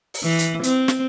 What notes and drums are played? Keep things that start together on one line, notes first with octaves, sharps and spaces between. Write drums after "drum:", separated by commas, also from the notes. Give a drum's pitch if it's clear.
drum: open hi-hat
E3
drum: hi-hat
C4, drum: hi-hat
drum: snare